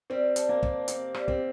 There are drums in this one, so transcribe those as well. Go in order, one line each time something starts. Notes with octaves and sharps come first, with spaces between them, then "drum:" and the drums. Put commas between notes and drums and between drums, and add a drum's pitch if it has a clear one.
G3 C4
D4, drum: hi-hat
A#3
D#3, drum: kick
C4 G4, drum: hi-hat
G3, drum: rim click
C4, drum: kick